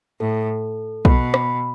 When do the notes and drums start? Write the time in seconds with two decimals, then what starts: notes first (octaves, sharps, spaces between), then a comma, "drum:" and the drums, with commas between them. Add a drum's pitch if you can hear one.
0.20 A2 A4
1.05 B2 B5, drum: kick B1
1.34 B5, drum: rim click